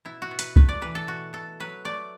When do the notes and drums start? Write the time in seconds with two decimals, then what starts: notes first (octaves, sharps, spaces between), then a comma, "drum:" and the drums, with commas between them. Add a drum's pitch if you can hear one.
0.05 B2 E4
0.22 F#4
0.31 B2
0.39 B4, drum: hi-hat
0.56 A3 B4, drum: kick C2
0.69 D5
0.82 E3 B4
0.95 A4
1.07 B2 F#4
1.33 B2 A4
1.60 F#3 B4
1.85 A3 D5